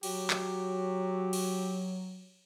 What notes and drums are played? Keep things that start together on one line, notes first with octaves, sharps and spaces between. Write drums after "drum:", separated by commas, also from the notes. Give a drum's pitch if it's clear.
F#3 F#4 G4, drum: cymbal
drum: clap
drum: cymbal